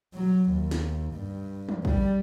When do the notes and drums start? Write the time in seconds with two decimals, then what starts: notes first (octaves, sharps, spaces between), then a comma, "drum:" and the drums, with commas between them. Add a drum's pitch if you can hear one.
0.14 F#3
0.51 D#2
0.71 drum: snare
1.14 G2
1.69 drum: tom
1.85 G3, drum: kick A#1